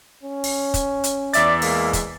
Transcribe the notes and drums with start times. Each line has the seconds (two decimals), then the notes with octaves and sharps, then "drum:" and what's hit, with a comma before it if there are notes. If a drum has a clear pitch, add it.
0.23 C#4
0.44 drum: open hi-hat
0.74 drum: kick, hi-hat
1.04 drum: hi-hat
1.33 E2 D5 E5 A6, drum: hi-hat
1.62 G#3 A#3, drum: open hi-hat
1.93 drum: kick, hi-hat